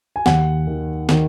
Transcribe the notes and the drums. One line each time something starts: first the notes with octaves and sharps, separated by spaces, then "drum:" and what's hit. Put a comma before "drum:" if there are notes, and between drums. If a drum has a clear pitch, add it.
G#5
D#2 F#5, drum: snare
D#3
D#3, drum: snare